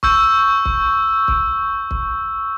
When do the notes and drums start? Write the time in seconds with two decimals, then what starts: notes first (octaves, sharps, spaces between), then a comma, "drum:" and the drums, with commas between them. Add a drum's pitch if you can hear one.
0.03 C#6 E6 G6, drum: kick
0.65 drum: kick
1.28 drum: kick
1.91 drum: kick